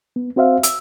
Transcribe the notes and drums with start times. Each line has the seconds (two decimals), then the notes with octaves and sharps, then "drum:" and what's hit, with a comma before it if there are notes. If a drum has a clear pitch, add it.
0.16 B3
0.36 C4 F#4 C5 E5 F5
0.63 E6, drum: hi-hat